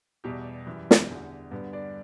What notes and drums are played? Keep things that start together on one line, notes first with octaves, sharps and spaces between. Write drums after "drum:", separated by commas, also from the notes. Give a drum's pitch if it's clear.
E2 B2 G3 G4
F#2 E3
drum: snare
E2 D3
G2 D3 B3 B4
D4 D5